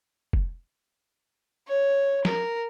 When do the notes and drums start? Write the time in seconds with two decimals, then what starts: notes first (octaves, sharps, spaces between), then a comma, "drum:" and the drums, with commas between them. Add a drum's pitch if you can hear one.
0.33 drum: kick
1.68 C#5
2.25 A#4, drum: snare